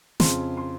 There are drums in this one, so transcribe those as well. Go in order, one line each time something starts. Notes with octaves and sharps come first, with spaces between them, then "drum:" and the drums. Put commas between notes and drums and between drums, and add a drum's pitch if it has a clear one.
F2 C#3 C6, drum: snare
C6